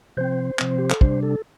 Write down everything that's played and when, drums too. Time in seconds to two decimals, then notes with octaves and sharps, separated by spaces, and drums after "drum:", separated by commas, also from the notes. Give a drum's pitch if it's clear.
0.17 C3 F3 C4 C5
0.59 C3 F3 C4, drum: clap
0.79 G4
0.90 A4, drum: clap
1.01 C3 G3 D4 C5, drum: kick
1.23 A4